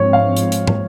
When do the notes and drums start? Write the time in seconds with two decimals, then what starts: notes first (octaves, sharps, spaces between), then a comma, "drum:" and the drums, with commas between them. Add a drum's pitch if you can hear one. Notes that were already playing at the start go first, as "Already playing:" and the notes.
Already playing: G#2 F3 G#3 C4 C#5
0.13 F5
0.37 drum: hi-hat
0.52 drum: hi-hat
0.67 drum: tom